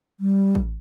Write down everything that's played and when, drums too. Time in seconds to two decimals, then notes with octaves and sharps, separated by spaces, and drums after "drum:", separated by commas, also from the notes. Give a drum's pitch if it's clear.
0.20 G3
0.55 drum: kick A1